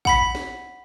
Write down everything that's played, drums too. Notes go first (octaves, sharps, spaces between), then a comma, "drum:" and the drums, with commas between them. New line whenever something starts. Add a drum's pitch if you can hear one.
F#5 B5 B6, drum: kick
drum: snare